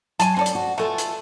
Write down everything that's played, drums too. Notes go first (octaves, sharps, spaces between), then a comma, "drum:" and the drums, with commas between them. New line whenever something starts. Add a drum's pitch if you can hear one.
F#3 G#5 A5, drum: hi-hat
C4 C#4 A4 D5
drum: hi-hat
F#4
B2 A3 F4 A4 G#5
drum: hi-hat